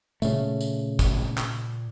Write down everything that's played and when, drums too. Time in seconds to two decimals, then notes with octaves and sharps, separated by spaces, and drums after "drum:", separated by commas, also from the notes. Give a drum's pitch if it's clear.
0.22 A#2 C#3 A3, drum: tambourine
0.61 drum: tambourine
0.99 drum: kick, tambourine
1.38 drum: clap